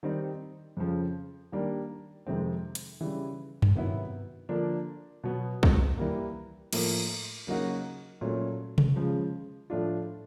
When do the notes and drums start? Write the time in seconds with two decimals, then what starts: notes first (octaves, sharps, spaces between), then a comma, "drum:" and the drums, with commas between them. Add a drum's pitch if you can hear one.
0.03 D#3 G3 C4 D#4
0.77 F2 C#3 F3
1.52 D#3 G3 A#3 D4
2.27 F2 C3 D#3 G#3 C4
2.75 drum: hi-hat
3.01 C#3 E3 G3
3.62 drum: tom F#2
3.75 C3 D#3 F#3 B3 E4
4.49 D3 F3 A#3 D4 F4
5.23 B2 F#3 B3
5.63 drum: kick B1
5.97 E3 G3 A#3
6.73 A2 F3 A#3, drum: cymbal
7.47 C#3 F#3 A#3 D#4 F#4
8.21 A#2 F#3 A3 C#4
8.78 drum: tom C3
8.96 C#3 F3 G#3
9.70 A2 F3 A3 D4 F4